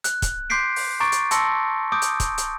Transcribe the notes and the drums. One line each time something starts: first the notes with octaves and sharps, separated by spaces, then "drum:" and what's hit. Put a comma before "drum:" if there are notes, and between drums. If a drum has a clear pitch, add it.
F#6, drum: hi-hat
drum: kick, hi-hat
C6 D6 G6 B6 C7 D7
drum: open hi-hat
A#5 C#6 D6 A6 D7
drum: hi-hat
A5 C6 E6 A#6 C#7, drum: hi-hat
D6 D#6 G6 D7
drum: hi-hat
drum: kick, hi-hat
drum: hi-hat